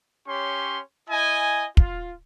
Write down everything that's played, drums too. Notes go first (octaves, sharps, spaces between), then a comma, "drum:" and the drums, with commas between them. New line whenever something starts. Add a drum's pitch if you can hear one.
C#4 G4 C#5 C6
E4 D#5 G#5
F4, drum: kick